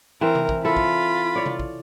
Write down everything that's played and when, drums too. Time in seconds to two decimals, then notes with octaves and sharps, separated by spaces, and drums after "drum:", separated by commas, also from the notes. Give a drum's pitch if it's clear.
0.21 E3 C4 A#4
0.35 drum: tom C3
0.49 drum: kick
0.65 E4 F4 A4 B5
0.77 drum: kick
1.35 C#5 D5
1.46 drum: tom C3
1.59 drum: kick